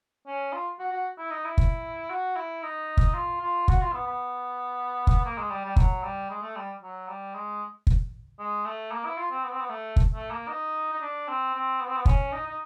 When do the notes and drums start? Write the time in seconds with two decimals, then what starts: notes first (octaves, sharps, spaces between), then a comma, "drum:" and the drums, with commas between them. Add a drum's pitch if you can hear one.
0.27 C#4
0.53 F4
0.80 F#4
0.92 F#4
1.18 E4
1.31 D#4
1.45 E4
1.58 drum: kick
2.10 F#4
2.36 E4
2.63 D#4
2.97 drum: kick
3.14 F4
3.41 F4
3.68 F#4, drum: kick
3.81 F4
3.93 B3
4.07 B3
5.07 drum: kick
5.25 A#3
5.38 G#3
5.50 G3
5.64 G3
5.76 F#3, drum: kick
6.03 G3
6.30 G#3
6.42 A3
6.56 G3
6.82 F#3
7.08 G3
7.35 G#3
7.87 drum: kick
8.39 G#3
8.65 A3
8.91 A#3
9.05 E4
9.18 F4
9.31 C4
9.44 B3
9.52 C4
9.61 B3
9.70 A3
9.96 drum: kick
10.14 A3
10.31 A#3
10.48 D#4
10.93 D#4
11.01 D4
11.28 C4
11.54 C4
11.80 B3
11.88 C4
11.97 B3
12.05 C#4, drum: kick
12.33 D#4
12.46 D#4